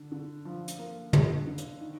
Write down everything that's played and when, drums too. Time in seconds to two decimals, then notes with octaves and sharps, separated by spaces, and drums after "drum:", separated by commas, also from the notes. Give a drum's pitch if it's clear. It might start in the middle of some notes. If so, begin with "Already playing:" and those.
Already playing: D3
0.12 D3
0.45 F3
0.68 drum: hi-hat
0.79 A#3
1.13 D3, drum: tom
1.47 D3
1.58 drum: hi-hat
1.80 D#3